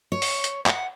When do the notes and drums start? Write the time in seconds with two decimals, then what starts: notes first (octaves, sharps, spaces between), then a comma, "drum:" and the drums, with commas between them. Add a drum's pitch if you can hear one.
0.12 C#5
0.22 drum: open hi-hat
0.44 drum: hi-hat
0.66 F#5, drum: clap